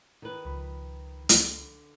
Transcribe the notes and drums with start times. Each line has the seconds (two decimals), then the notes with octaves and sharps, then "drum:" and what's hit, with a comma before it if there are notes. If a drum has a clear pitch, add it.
0.22 D#3 B4
0.45 C#2 F3 B5
1.29 D3, drum: hi-hat